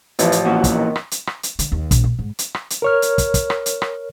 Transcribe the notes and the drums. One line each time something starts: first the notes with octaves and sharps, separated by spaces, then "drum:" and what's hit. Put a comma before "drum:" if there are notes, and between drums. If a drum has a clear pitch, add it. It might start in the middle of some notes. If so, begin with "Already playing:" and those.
A1 E3 F3, drum: hi-hat
drum: hi-hat
A#2 E3 B3 F#4
drum: kick, hi-hat
D#3
drum: rim click
drum: hi-hat
drum: rim click
drum: hi-hat
D3, drum: hi-hat
D#2
A#1, drum: kick, hi-hat
A#2
G#2
drum: hi-hat
drum: rim click
drum: hi-hat
A#4 C#5 F6
drum: hi-hat
drum: kick, hi-hat
drum: kick, hi-hat
drum: rim click
drum: hi-hat
drum: rim click